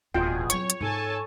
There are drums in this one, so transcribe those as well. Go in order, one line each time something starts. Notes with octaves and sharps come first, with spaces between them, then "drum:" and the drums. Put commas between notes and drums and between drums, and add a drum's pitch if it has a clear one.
D1 E2 B2 F4 G#4 G5
F#3 C4 C#5 C#6, drum: hi-hat
drum: hi-hat
G#2 A4 G#5 A5